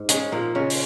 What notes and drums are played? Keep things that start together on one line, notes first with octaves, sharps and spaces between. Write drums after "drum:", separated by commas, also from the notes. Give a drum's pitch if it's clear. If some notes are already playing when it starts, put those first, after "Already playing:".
Already playing: G#2
G#3 C#4 D#4, drum: hi-hat
A#2 F3 A#3
C#3 G#3 C#4
drum: open hi-hat